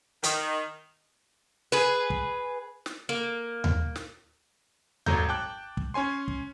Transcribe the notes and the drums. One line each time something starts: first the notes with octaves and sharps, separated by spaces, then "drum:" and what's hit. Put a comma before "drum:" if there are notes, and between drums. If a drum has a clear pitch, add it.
D#3, drum: hi-hat
G#4 B4
drum: kick
drum: snare
A#3
drum: tom D#2
drum: snare
G#1 F#3 A4 A#5 G6, drum: tom D#2
G5 A5 D6 F#6
drum: kick
C#4 C#5 G#5 C6
drum: kick